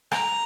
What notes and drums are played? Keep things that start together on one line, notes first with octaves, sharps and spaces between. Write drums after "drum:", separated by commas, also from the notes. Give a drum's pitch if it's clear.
A#5, drum: rim click